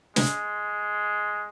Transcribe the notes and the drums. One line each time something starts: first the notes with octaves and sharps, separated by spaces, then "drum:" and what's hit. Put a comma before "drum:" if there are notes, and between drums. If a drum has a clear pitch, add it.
G#3, drum: snare